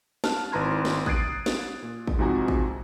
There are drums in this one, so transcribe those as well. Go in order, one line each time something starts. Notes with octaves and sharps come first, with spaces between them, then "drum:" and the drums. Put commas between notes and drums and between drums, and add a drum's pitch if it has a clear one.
A5 F6 F#6, drum: snare
G#1 E4 B4 A#5 C6 G#6
drum: snare
D#6 F#6 G#6 A6 C7 D7, drum: kick
drum: snare
A#2
drum: kick
G#2 C3 F3 F#4 G#5 A#5
drum: kick